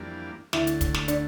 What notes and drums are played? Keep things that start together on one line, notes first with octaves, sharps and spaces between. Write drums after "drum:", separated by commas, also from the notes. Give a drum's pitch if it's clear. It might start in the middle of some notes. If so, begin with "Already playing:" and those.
Already playing: F2 E3 G3 A#3 D4
D2 D3 A3 E4 E5, drum: snare
drum: hi-hat
drum: kick, hi-hat
drum: snare
D4 D5, drum: hi-hat